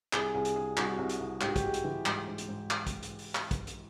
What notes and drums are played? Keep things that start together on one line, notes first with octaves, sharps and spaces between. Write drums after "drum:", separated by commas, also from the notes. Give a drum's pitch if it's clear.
C2 G#4, drum: clap
C2 G#4
drum: hi-hat
G3 G#4
C2 F#4, drum: clap
C2
drum: hi-hat
C2
G#2 G4, drum: clap
F#4
G4, drum: kick, hi-hat
G#3
drum: hi-hat
E3
G#2, drum: clap
G#2
drum: hi-hat
G#2
drum: clap
drum: kick, hi-hat
drum: hi-hat
drum: open hi-hat
drum: clap
drum: kick, hi-hat
drum: hi-hat